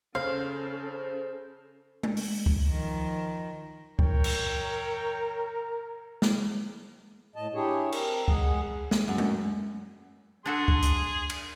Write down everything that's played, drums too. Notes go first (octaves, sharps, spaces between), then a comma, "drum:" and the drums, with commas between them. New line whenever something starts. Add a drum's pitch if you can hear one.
C#3 C#4 A4 C5 F5
drum: tom G#3
drum: open hi-hat
drum: kick C#2
D#3 F3
F#2 A#2 E3 A#4 C#5 G5, drum: kick C#2
drum: cymbal
drum: snare
A2 D#5 A5
D4 E4 G4 G#4 C#5
C4 A#4, drum: cymbal
G#3 G#4 F#5, drum: kick C#2
drum: snare
F#2
drum: tom G#3
D4 F#4 G#4 A4 C6
drum: kick C#2
drum: hi-hat
drum: cymbal